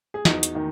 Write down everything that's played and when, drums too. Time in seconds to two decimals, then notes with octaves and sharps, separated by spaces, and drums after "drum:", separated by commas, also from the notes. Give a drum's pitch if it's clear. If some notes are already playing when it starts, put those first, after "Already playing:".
0.14 G#4
0.25 E2 D#4 F#4, drum: snare
0.43 drum: hi-hat
0.55 D#3